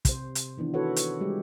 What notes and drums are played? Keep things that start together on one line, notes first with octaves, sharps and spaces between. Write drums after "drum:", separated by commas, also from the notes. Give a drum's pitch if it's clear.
C3 C5, drum: kick, hi-hat
drum: hi-hat
D#3 E3 B3 D4
F#4 A4 B4 C#5 F#5
drum: hi-hat
G3 G#3 G4